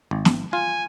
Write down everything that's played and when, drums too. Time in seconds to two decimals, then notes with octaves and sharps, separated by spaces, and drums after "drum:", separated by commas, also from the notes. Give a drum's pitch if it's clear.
0.11 G#1
0.25 drum: snare
0.53 F4 G#5